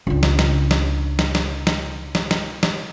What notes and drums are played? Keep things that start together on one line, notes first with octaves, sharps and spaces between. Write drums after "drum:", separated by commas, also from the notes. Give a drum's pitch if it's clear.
C#2 D4
drum: snare
drum: snare
drum: snare
drum: snare
drum: snare
drum: snare
drum: snare
drum: snare
drum: snare